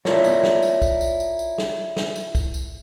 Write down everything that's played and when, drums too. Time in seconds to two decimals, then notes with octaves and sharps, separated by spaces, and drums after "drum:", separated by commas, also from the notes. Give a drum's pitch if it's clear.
0.05 E4 F4 A4 A#4 C#5 D5, drum: snare
0.24 drum: tambourine
0.43 drum: snare
0.63 drum: tambourine
0.82 drum: kick B1, tambourine
1.01 drum: tambourine
1.20 drum: tambourine
1.39 drum: tambourine
1.58 drum: snare
1.96 drum: snare
2.16 drum: tambourine
2.35 drum: kick B1, tambourine
2.54 drum: tambourine